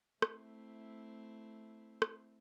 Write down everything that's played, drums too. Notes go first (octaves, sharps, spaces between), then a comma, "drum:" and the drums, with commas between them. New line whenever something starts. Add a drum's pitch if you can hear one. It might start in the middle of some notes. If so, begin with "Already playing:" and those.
A3 C4 E4, drum: rim click
drum: rim click